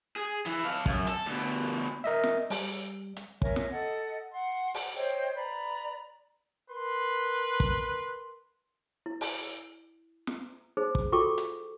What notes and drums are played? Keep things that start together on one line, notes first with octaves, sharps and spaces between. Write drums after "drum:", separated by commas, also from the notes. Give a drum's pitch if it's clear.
G#4
E3, drum: hi-hat
A4 F5
F#2, drum: kick
A4, drum: hi-hat
D2 B2
A#4 D#5 E5
drum: snare
G3, drum: open hi-hat
drum: hi-hat
A#4 C#5 E5 G#5, drum: kick
drum: snare
A4 D#5 F#5
F#5 C6
drum: open hi-hat
C5 C#5 D#5 G5
B4 D5 A#5 B5
A#4 B4 C6
drum: kick
E4
drum: open hi-hat
drum: snare
D#4 G#4 C5
drum: kick
F4 F#4 A4 G5 C#6 D6
drum: hi-hat